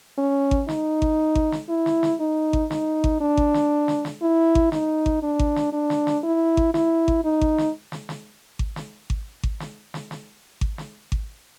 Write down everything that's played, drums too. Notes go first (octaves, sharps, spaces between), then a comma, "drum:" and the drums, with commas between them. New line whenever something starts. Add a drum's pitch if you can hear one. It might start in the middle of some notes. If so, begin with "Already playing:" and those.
C#4
drum: kick G#1
D#4, drum: snare
drum: kick G#1
drum: kick G#1
drum: snare
E4
drum: snare
drum: snare
D#4
drum: kick G#1
D#4, drum: snare
drum: kick G#1
D4
drum: kick G#1
drum: snare
drum: snare
drum: snare
E4
drum: kick G#1
D#4, drum: snare
drum: kick G#1
D4
drum: kick G#1
drum: snare
D4
drum: snare
drum: snare
E4
drum: kick G#1
E4, drum: snare
drum: kick G#1
D#4
drum: kick G#1
drum: snare
drum: snare
drum: snare
drum: kick G#1
drum: snare
drum: kick G#1
drum: kick G#1
drum: snare
drum: snare
drum: snare
drum: kick G#1
drum: snare
drum: kick G#1